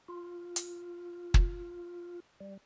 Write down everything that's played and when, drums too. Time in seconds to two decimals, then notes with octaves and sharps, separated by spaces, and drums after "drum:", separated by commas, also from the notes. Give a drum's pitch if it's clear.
0.08 F4
0.56 drum: hi-hat
1.34 drum: kick
2.40 G3